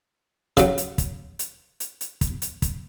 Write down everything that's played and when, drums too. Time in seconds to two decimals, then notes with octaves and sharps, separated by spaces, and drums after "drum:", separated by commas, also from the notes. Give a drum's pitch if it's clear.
0.57 C#3 F#3, drum: kick, hi-hat
0.78 drum: hi-hat
0.98 drum: kick, hi-hat
1.39 drum: hi-hat
1.80 drum: hi-hat
2.01 drum: hi-hat
2.21 drum: kick, hi-hat
2.42 drum: hi-hat
2.62 drum: kick, hi-hat